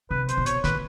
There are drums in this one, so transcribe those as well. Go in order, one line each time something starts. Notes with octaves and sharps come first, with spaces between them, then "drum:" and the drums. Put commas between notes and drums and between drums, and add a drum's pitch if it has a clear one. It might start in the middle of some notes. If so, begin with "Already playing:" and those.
C3 B4
C5, drum: hi-hat
B2
C#5, drum: hi-hat
A#2 B4, drum: snare